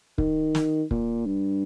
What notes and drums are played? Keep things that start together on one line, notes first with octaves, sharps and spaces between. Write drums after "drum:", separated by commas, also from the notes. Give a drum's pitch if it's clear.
D#3, drum: kick
drum: snare
A#2, drum: kick
G2